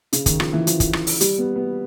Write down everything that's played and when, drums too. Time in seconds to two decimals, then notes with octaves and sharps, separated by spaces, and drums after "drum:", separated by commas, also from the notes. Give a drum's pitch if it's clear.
0.13 C#3, drum: hi-hat
0.26 D#3, drum: kick, hi-hat
0.40 F3, drum: rim click
0.53 E3
0.67 F3, drum: hi-hat
0.80 drum: kick, hi-hat
0.93 drum: rim click
1.07 drum: open hi-hat
1.21 G3, drum: hi-hat
1.38 B3
1.56 B3